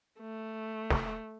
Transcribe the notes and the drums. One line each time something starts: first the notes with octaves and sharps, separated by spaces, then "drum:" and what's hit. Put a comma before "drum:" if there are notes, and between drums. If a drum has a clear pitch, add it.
A3
drum: snare